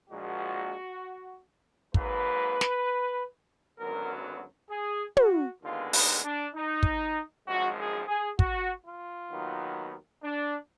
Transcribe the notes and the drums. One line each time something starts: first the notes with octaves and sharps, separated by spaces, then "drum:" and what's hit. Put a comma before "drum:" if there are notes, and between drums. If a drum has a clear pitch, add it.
A#1 A#2 F3 G#3 F#4
G#2 F#3 A#3 B4, drum: kick
drum: snare
G#1 F#2 D3 F#3 B3 A#4
G#4
F#4, drum: tom
D#2 D3 G#3 B3 F4
D#4, drum: open hi-hat
D4
D#4
drum: kick
G#1 F#2 F3 G#3 F#4
G#4
G#4
F#4, drum: kick
F4
D#2 D#3 F#3 B3
D4